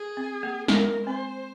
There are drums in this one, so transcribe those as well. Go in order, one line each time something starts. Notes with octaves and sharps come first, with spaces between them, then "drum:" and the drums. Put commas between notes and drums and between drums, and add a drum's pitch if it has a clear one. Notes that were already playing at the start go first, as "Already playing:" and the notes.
Already playing: G#4
C4
A#3
G#3 A#4, drum: snare
C4 C5